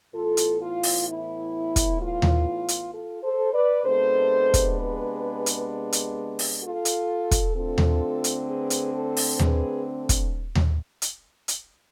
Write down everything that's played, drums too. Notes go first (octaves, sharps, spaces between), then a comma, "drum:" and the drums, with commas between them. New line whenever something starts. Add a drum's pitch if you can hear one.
A2 E3 B3 F4 A4
drum: hi-hat
F4
drum: open hi-hat
E4
drum: kick, hi-hat
F4
drum: tom D#2
drum: hi-hat
F4 A4
A4 C5
B4 D5
C3 G#3 B3 D4 A4 C5
drum: kick, hi-hat
G#4 B4
drum: hi-hat
drum: hi-hat
drum: open hi-hat
F4 A4
drum: hi-hat
drum: kick, hi-hat
D3 A3 C4 F4 A4
drum: tom D#2
drum: hi-hat
G#4 B4
drum: hi-hat
A4 C5
drum: open hi-hat
G#4 B4, drum: tom D#2
drum: kick, hi-hat
drum: tom D#2
drum: hi-hat
drum: hi-hat